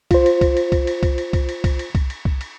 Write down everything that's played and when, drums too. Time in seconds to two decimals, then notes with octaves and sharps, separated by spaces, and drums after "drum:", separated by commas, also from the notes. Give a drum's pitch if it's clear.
0.11 F4 C5, drum: kick C2, cymbal
0.26 drum: cymbal
0.41 drum: kick C2, cymbal
0.57 drum: cymbal
0.72 drum: kick C2, cymbal
0.87 drum: cymbal
1.03 drum: kick C2, cymbal
1.18 drum: cymbal
1.33 drum: kick C2, cymbal
1.49 drum: cymbal
1.64 drum: kick C2, cymbal
1.79 drum: cymbal
1.95 drum: kick C2, cymbal
2.10 drum: cymbal
2.25 drum: kick C2
2.41 drum: cymbal